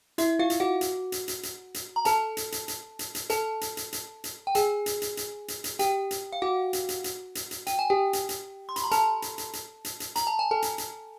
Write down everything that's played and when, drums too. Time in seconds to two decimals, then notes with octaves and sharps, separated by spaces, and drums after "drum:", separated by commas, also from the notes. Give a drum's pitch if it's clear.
0.18 E4 E5, drum: hi-hat
0.39 F4 F5
0.50 drum: hi-hat
0.60 F#4 F#5
0.81 drum: hi-hat
1.12 drum: hi-hat
1.28 drum: hi-hat
1.43 drum: hi-hat
1.74 drum: hi-hat
1.96 A#5
2.05 A4 A5, drum: hi-hat
2.37 drum: hi-hat
2.52 drum: hi-hat
2.68 drum: hi-hat
2.99 drum: hi-hat
3.15 drum: hi-hat
3.30 A4 A5, drum: hi-hat
3.61 drum: hi-hat
3.77 drum: hi-hat
3.93 drum: hi-hat
4.24 drum: hi-hat
4.47 G5
4.55 G#4 G#5, drum: hi-hat
4.86 drum: hi-hat
5.02 drum: hi-hat
5.17 drum: hi-hat
5.48 drum: hi-hat
5.64 drum: hi-hat
5.79 G4 G5, drum: hi-hat
6.11 drum: hi-hat
6.33 F5
6.42 F#4 F#5
6.73 drum: hi-hat
6.89 drum: hi-hat
7.04 drum: hi-hat
7.35 drum: hi-hat
7.51 drum: hi-hat
7.67 G5, drum: hi-hat
7.79 G#5
7.90 G4 G5
8.13 drum: hi-hat
8.29 drum: hi-hat
8.69 C6
8.76 B5, drum: hi-hat
8.84 A#5
8.91 A4 A5, drum: hi-hat
9.22 drum: hi-hat
9.38 drum: hi-hat
9.53 drum: hi-hat
9.85 drum: hi-hat
10.00 drum: hi-hat
10.16 A#5, drum: hi-hat
10.27 A5
10.39 G#5
10.51 A4 A5
10.62 drum: hi-hat
10.78 drum: hi-hat